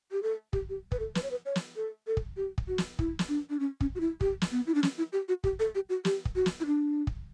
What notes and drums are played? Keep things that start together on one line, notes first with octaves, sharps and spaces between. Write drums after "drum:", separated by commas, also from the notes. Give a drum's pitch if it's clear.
G4
A4
G4, drum: kick
G4
B4, drum: kick
A4
B4, drum: snare
C#5
B4
C#5
drum: snare
A4
A4
drum: kick
G4
drum: kick
F#4
drum: snare
E4, drum: kick
drum: snare
D4
D4
C#4
C#4, drum: kick
F#4
E4
G4, drum: kick
drum: snare
B3
E4
D4
C#4, drum: snare
E4
G4
F#4
G4, drum: kick
A4
G4
F#4
G4, drum: snare
drum: kick
F#4
drum: snare
E4
D4
drum: kick